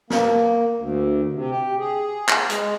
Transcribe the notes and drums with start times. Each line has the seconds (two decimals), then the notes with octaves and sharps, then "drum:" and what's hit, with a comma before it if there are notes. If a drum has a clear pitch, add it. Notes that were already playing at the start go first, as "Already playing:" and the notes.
0.10 A#3, drum: snare
0.77 D2
1.33 C3
1.50 G4
1.79 G#4
2.29 drum: clap
2.50 G#3, drum: hi-hat